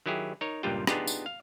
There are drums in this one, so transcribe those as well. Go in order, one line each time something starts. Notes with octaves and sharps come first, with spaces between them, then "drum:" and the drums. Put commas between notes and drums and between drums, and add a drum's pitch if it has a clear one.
D#3 F#3 E4 G4 G#4
D#4 A#4 C#5
C#2 G2 A#2 G3 F4 G5
B3 D4 D#4 F4 G4 G#4, drum: rim click
drum: tambourine
F5